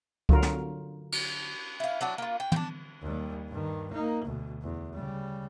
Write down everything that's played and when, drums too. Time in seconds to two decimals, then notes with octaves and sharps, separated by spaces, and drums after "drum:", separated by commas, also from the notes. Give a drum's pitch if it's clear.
0.29 D3 F#3 F4 A#4, drum: kick C#2
0.42 drum: snare
1.12 drum: cymbal
1.80 E4 F5
2.01 F#3 D4 F#4
2.18 A#3 F4
2.40 G5
2.52 D4 G5, drum: tom
3.02 D#2 G3
3.49 G2 D#3
3.92 A#3 D#4
4.25 D2 B2
4.63 E2
4.94 C#3 G3